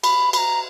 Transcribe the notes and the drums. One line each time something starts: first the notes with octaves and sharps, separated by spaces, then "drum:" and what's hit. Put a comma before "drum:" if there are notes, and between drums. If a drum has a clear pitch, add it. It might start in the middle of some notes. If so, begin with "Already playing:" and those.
B5, drum: cymbal
B5, drum: cymbal
A#5